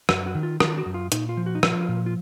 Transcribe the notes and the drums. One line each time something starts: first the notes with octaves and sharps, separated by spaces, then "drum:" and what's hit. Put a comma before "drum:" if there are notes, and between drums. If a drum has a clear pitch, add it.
F#2 F#4, drum: rim click
F#4
D#3
F4
D#3 F4, drum: rim click
F#4
F#2
F4
A#2 D#4, drum: hi-hat
F4
F3
F#4
D#4
F3 F4, drum: rim click
A#2
F4